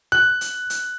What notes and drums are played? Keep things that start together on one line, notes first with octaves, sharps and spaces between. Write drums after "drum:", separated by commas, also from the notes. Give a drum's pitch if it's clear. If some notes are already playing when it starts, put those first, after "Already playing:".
F#6
drum: hi-hat
drum: hi-hat